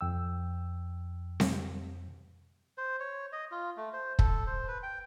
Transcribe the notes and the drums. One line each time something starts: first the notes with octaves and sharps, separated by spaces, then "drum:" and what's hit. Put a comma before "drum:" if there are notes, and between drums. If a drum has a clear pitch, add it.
F2 G5 E6
drum: snare C4
C5
C#5
D#5
F4
A3
C5
A4, drum: kick
C5
B4
G5